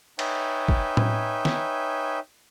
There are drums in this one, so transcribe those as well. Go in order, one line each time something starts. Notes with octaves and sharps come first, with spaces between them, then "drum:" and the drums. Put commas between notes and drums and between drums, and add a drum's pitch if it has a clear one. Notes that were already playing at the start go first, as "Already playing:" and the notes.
D#4 B4 C#5 E5 G5 G#5, drum: cymbal
drum: kick
drum: tom A2
drum: snare